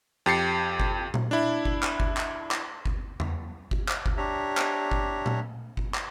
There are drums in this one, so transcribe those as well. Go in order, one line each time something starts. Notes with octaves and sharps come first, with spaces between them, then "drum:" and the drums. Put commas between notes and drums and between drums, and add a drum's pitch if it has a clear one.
F2 G4 A6 C7 C#7
drum: kick G1
drum: tom A#2
D4 E4
drum: kick G1
drum: clap
drum: kick G1
drum: clap
drum: clap
drum: kick G1
drum: tom E2
drum: kick G1
drum: clap
drum: kick G1
D4 G4 C#5 E5 A#5
drum: clap
drum: kick G1
drum: tom A#2
drum: kick G1
drum: clap